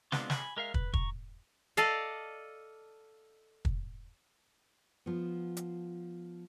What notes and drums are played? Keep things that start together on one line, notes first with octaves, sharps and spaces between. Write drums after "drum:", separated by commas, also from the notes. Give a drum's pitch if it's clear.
G#3 B3 C4 D4 F4, drum: snare
G#5 B5, drum: snare
G#3 A#4 E5 F5
B4, drum: kick
A#5 C#6, drum: kick
A4 D5 D#5 F5, drum: hi-hat
drum: kick
F3 B3
drum: hi-hat